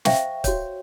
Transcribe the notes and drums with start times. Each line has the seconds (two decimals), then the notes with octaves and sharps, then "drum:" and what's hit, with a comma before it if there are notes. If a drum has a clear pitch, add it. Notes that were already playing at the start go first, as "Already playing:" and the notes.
0.05 C5 E5 F5 G5 C#6, drum: snare
0.44 F#4 C#5, drum: kick, hi-hat